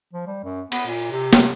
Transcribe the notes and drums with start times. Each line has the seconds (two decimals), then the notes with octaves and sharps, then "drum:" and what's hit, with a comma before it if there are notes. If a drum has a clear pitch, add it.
0.13 F3
0.27 G3
0.44 F#2
0.72 B3, drum: cymbal
0.87 A#2
1.11 C3
1.33 drum: snare